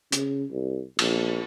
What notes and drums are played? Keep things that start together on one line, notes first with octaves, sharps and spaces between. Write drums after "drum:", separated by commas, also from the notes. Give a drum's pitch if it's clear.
C#3, drum: hi-hat
C2
A#1, drum: cymbal